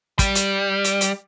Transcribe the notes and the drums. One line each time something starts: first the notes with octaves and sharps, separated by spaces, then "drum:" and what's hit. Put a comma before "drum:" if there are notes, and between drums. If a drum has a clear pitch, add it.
G3, drum: kick, hi-hat
drum: hi-hat
drum: hi-hat
drum: hi-hat